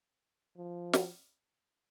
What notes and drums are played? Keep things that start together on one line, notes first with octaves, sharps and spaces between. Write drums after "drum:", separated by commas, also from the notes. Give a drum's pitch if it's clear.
F3
drum: snare